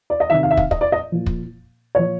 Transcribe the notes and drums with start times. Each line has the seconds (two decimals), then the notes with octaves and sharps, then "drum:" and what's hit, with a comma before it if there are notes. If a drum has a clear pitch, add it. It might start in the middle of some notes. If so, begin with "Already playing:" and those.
0.10 D5
0.20 D#5
0.30 C3 D#3 E5
0.43 F5
0.51 E5
0.57 F5, drum: kick
0.71 D#5, drum: kick
0.81 D5
0.92 D#5
1.12 A#2 F3
1.26 drum: kick
1.95 A#2 F3 C#5